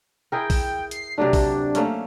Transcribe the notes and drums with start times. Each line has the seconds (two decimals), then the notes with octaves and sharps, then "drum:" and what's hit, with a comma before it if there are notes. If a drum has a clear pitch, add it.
0.32 E4 G#4 A#4 G5
0.50 drum: kick A#1, open hi-hat
0.91 C7, drum: hi-hat
1.18 C3 F#3 A3 D4
1.33 drum: kick A#1, open hi-hat
1.75 A3 A#3 C#4, drum: hi-hat